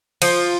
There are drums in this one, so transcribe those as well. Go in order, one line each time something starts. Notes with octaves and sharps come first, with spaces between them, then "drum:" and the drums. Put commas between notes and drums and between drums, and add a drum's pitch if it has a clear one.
F3, drum: cymbal